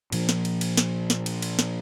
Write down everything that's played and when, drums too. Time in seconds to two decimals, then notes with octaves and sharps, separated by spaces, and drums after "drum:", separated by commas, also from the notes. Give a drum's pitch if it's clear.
0.12 A#2 F3, drum: cymbal
0.29 drum: snare
0.45 drum: cymbal
0.61 drum: cymbal
0.77 drum: snare
1.10 drum: snare
1.26 drum: cymbal
1.42 drum: cymbal
1.59 drum: snare